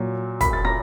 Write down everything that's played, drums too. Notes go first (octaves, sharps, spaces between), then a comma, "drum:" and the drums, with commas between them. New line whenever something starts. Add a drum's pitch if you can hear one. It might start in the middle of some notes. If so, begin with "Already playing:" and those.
Already playing: A#2 F#3
B5 B6, drum: kick, hi-hat
A6
A#5 A#6